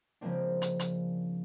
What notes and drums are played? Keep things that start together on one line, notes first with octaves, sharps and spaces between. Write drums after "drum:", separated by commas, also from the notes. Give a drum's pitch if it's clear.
C#3 F3 G#3 A#3 C4 D4
drum: hi-hat
drum: hi-hat